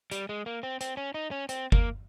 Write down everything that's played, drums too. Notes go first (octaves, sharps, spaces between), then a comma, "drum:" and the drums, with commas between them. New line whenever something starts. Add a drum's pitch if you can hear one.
G3, drum: hi-hat
G#3
A#3
C4
C4, drum: hi-hat
C#4
D#4
C#4
C4, drum: hi-hat
A#3, drum: kick F#1